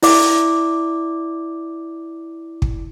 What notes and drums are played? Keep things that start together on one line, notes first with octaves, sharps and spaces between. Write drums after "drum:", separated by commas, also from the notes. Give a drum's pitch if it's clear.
E4 D5 D6, drum: open hi-hat
drum: kick